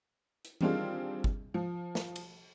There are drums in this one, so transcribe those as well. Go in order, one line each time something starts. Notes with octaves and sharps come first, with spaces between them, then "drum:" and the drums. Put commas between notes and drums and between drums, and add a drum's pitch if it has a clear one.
drum: hi-hat
D#3 G3 C4 D4 F4 G#4, drum: tom E3
drum: kick
F3
drum: snare
drum: cymbal